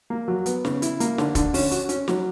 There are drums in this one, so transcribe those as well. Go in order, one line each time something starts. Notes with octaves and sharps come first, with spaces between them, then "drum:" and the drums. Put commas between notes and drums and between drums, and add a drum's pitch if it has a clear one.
A#3
F#3
B3, drum: hi-hat
C#3, drum: snare
E4, drum: hi-hat
A#3, drum: hi-hat
D3, drum: snare
D3, drum: kick, hi-hat
C#4, drum: open hi-hat
F#4, drum: hi-hat
C#4, drum: hi-hat
F#3, drum: snare